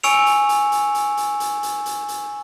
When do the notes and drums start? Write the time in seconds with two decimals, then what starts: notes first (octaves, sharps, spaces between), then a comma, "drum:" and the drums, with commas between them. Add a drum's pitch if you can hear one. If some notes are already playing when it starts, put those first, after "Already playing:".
0.03 G#5 C#6 E6 C#7 D7 F7, drum: hi-hat
0.26 drum: hi-hat
0.49 drum: hi-hat
0.72 drum: hi-hat
0.95 drum: hi-hat
1.17 drum: hi-hat
1.40 drum: hi-hat
1.63 drum: hi-hat
1.86 drum: hi-hat
2.08 drum: hi-hat